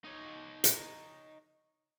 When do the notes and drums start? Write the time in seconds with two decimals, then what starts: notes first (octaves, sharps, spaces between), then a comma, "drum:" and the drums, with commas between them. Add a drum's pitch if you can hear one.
0.05 D#4 C#5
0.64 drum: hi-hat